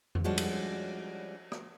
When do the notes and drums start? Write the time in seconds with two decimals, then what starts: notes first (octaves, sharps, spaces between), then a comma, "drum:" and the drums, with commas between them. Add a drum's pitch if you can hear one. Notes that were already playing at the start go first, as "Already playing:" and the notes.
0.15 drum: tom F2
0.24 F3 G3 G#3 C#4 D4 F#4
0.38 drum: cymbal
1.52 drum: rim click